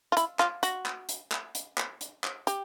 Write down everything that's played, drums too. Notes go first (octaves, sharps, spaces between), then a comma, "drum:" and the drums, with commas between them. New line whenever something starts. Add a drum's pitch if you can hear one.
F4
E4, drum: hi-hat
F4, drum: clap
F#4, drum: hi-hat
drum: clap
drum: hi-hat
drum: clap
drum: hi-hat
drum: clap
drum: hi-hat
drum: clap
G4, drum: hi-hat